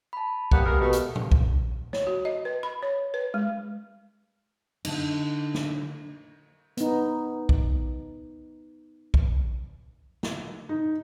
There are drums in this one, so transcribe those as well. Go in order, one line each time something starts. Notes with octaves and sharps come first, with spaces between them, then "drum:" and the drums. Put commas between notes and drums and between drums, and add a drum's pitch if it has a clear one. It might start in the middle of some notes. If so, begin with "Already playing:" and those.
A5 B5
G3 A#3 B3 D#6 C#7, drum: kick A#1
G#3 A#3 G4 A#4 B5
B2 A3
drum: hi-hat
drum: tom A#2
drum: kick A#1
C#5, drum: snare
F#4
D#5
B4
B5
C#5
B4
G#3
D3 D#4, drum: cymbal
drum: snare
B3 D#4, drum: hi-hat
drum: kick A#1
drum: kick A#1
drum: snare
D#4